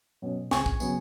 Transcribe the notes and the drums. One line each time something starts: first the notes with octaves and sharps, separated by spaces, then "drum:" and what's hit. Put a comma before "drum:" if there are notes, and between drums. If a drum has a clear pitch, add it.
B2 F#3 C#4
C#2 G#5 C#6, drum: snare
drum: kick
C#3 F#3 B3, drum: tambourine